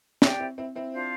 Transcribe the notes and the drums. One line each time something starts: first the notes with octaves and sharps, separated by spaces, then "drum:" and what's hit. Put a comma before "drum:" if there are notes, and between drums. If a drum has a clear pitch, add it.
C4 E4 G4 D5 G5, drum: snare
C4 E4
C4 E4
C4 E4
D4 F4 C5 F5